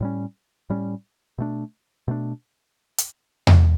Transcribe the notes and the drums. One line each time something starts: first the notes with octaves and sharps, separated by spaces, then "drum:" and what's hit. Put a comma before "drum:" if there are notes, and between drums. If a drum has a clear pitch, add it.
A2 G3 C#4
A2 G3 C#4
B2 A3 D4
B2 A3 D4
drum: hi-hat
drum: tom E2